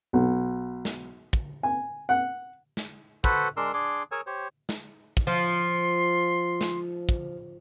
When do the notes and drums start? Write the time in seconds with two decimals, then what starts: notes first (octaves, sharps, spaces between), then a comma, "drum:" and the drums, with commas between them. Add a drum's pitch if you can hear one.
0.13 B1
0.85 drum: snare
1.33 drum: kick
1.63 G#5
2.09 F#5
2.77 drum: snare
3.24 F#4 A4 B4 C5 F#5 B5, drum: kick
3.57 G#3 D4 A#4 C6 E6
3.74 D4 G#4 C6 D6
4.12 G#4 A#4 C#5 G#5 E6
4.27 G4 C5 C#5
4.69 drum: snare
5.17 drum: kick
5.27 F3 C6
6.61 drum: snare
7.09 drum: kick